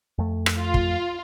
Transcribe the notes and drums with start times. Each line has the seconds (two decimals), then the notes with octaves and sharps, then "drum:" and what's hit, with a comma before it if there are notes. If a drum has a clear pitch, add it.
0.18 F2 A3
0.46 drum: rim click
0.59 F4
0.74 drum: kick